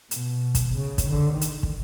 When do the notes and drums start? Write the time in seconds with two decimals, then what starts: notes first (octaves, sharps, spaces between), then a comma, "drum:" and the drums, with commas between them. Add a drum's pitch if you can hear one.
0.11 B2, drum: hi-hat
0.55 drum: kick, hi-hat
0.76 C#3
0.98 drum: kick, hi-hat
1.09 D#3
1.41 drum: hi-hat
1.63 drum: kick